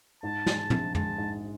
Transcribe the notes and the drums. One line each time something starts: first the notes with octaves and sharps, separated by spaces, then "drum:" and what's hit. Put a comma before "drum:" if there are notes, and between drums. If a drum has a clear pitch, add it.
G#2 A5
G#3, drum: snare
A5
A#1, drum: tom
G#3 A5, drum: tom
G#2